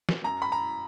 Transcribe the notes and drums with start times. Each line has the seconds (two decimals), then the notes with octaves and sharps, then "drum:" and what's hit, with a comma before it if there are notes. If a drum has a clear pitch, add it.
0.09 drum: snare
0.24 F#2 A#5
0.42 B5
0.52 A#5